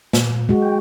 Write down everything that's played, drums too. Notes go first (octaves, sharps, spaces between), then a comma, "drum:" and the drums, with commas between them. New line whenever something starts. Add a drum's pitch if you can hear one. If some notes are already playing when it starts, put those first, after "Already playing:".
A#2, drum: snare
G#3 F#4
G5